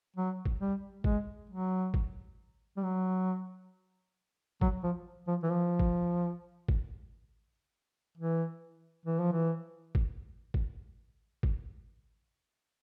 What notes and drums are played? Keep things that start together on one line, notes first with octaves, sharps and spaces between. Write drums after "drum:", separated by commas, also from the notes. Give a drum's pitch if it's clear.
F#3
drum: kick G#1
G3
G#3, drum: kick G#1
F#3
drum: kick G#1
G3
F#3
F#3, drum: kick G#1
F3
F3
E3
F3
drum: kick G#1
drum: kick G#1
E3
E3
F3
E3
drum: kick G#1
drum: kick G#1
drum: kick G#1